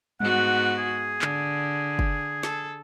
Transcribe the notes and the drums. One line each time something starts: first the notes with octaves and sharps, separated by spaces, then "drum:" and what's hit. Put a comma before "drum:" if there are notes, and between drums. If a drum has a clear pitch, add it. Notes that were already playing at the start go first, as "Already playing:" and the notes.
G#2 B3 F#4 F#5, drum: tom G3
G#4
D3, drum: clap
drum: kick
A4, drum: snare